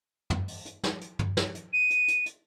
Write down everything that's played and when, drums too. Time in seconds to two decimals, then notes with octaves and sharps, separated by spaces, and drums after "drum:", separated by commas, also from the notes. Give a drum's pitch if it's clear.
0.30 drum: tom
0.48 drum: open hi-hat
0.66 drum: hi-hat
0.83 drum: snare
1.01 drum: hi-hat
1.19 drum: tom
1.37 drum: snare
1.55 drum: hi-hat
1.73 D#7
1.90 drum: hi-hat
2.08 drum: hi-hat
2.26 drum: hi-hat